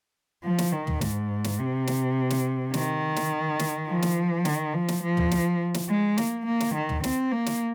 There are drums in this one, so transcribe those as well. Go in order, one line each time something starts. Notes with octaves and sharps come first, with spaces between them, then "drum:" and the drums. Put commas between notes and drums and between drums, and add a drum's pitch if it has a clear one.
F3
drum: snare
D#3
drum: tom
G#2, drum: snare
drum: snare
C3
drum: snare
drum: snare
D#3, drum: snare
drum: snare
drum: snare
F3
drum: snare
D#3, drum: snare
F3
drum: snare
F3
drum: tom
drum: snare
drum: snare
G#3
A#3, drum: snare
A#3
drum: snare
D#3
drum: tom
C4, drum: snare
A#3
drum: snare